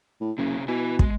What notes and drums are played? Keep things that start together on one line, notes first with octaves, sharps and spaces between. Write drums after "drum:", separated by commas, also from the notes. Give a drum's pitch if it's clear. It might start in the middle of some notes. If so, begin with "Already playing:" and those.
A2
F#1 C3 C#4
B2 E4 G#5
G#3, drum: kick